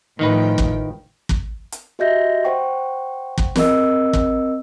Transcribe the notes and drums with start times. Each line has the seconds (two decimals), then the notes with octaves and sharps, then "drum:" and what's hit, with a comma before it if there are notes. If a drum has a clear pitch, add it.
0.19 A2 D#3 F3 D#4 B4 G5
0.58 drum: kick
1.29 drum: kick
1.72 drum: hi-hat
1.99 F#4 G4 D#5 E5 G6 A#6
2.45 C5 F#5 G5 C#6
3.38 drum: kick
3.56 C4 A#4 D#5 E6, drum: snare
4.13 drum: kick